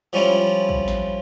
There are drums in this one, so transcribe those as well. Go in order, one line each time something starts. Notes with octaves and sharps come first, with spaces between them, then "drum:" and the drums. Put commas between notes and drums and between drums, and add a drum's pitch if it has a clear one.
F3 G3 C#4 E4 F4
drum: kick
drum: snare